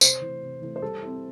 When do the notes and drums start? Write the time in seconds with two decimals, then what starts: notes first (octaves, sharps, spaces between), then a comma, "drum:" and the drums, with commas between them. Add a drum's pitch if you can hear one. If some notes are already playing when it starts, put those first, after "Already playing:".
0.01 C3 C5, drum: tambourine
0.22 E3 A3
0.42 C3
0.62 E3 A3
0.76 C5
0.82 G3 A4
1.02 C4 E4